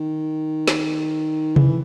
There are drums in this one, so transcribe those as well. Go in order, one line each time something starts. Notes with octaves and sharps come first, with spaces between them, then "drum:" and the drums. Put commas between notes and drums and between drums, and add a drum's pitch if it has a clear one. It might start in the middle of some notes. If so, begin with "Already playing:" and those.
Already playing: D#3
drum: snare
E3, drum: tom C3